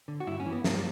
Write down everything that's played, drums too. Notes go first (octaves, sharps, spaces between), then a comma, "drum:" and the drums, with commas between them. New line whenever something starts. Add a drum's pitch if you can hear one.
D3
F#4
G2 E4
C#4
E3
B3
G2 A#3, drum: snare
G3